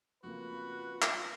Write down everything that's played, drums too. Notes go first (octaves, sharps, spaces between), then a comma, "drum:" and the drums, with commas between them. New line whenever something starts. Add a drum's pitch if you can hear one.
F2 C#3 A#3 F4 F#4 B4
drum: clap